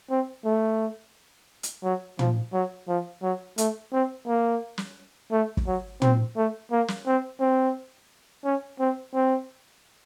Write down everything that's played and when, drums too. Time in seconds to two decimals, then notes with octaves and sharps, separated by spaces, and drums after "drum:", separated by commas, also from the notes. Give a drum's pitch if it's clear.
0.10 C4
0.45 A3
1.63 drum: hi-hat
1.84 F#3
2.19 F3, drum: tom
2.53 F#3
2.88 F3
3.23 F#3
3.58 A3, drum: hi-hat
3.93 C4
4.27 A#3
4.78 drum: snare
5.32 A3
5.57 drum: kick
5.67 F#3
6.02 C4, drum: tom
6.37 A3
6.72 A#3
6.88 drum: snare
7.07 C4
7.40 C4
8.45 C#4
8.80 C4
9.15 C4